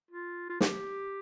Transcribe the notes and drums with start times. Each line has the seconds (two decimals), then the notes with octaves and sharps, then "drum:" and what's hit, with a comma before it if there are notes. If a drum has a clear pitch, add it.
0.11 F4
0.49 F4
0.60 G4, drum: snare